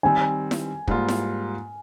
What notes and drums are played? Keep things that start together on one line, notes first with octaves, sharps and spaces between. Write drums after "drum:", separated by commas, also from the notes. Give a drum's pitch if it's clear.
D#3 G3 C4 G#5
drum: snare E4
G#2 G3 A#3 F4, drum: kick
drum: snare E4